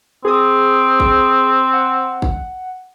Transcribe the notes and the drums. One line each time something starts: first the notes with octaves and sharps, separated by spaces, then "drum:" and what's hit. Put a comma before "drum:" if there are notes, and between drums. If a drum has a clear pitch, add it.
C4 G#4 D#6
drum: kick
F#5
drum: kick